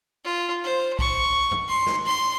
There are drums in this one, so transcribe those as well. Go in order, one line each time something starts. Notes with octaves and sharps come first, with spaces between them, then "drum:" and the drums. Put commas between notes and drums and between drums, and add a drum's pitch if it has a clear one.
F4
C5
C#6, drum: kick
drum: tom F#2
C6
drum: snare
C6